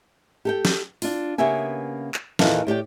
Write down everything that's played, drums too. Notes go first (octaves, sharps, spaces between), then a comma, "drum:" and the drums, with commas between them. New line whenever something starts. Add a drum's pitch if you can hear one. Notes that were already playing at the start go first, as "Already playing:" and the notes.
G4 A4 G5
drum: snare
D4 F4, drum: open hi-hat
C#3 A#3 B3 G4 E5 G#5
drum: clap
E2 A#2 D#3 E3 A4 F5, drum: snare
A2 G4 D5 G5